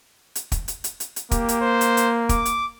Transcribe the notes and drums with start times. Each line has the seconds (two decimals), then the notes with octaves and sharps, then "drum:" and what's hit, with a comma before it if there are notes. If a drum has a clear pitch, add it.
0.35 drum: hi-hat
0.52 drum: kick, hi-hat
0.68 drum: hi-hat
0.84 drum: hi-hat
1.00 drum: hi-hat
1.16 drum: hi-hat
1.31 A#3 G4, drum: kick, hi-hat
1.49 drum: hi-hat
1.61 C5
1.81 drum: hi-hat
1.97 drum: hi-hat
2.29 D6, drum: kick, hi-hat
2.45 drum: hi-hat